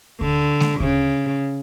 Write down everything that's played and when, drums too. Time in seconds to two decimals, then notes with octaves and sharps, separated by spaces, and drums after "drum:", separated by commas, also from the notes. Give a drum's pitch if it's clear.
0.21 D3, drum: kick D2
0.60 drum: snare G#3
0.80 C#3, drum: kick D2